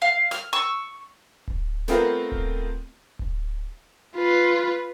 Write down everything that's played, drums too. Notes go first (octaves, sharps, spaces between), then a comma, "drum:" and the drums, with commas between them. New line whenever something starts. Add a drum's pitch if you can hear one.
F5
F6, drum: snare
C#6 E6
drum: kick D1
A3 B3 C4 F4 A#4, drum: snare
drum: kick D1
drum: kick D1
F4 B4